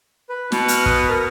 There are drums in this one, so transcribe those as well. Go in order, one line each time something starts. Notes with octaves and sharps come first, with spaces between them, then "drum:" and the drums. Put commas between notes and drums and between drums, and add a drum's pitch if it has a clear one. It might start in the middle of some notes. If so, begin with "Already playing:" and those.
B4
B2, drum: snare
F6 F#6, drum: hi-hat
B4 D#6, drum: kick
A#4